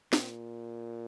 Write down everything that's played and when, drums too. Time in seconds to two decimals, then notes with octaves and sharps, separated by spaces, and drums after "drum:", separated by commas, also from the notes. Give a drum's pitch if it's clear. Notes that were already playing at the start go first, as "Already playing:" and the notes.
0.13 A#2, drum: snare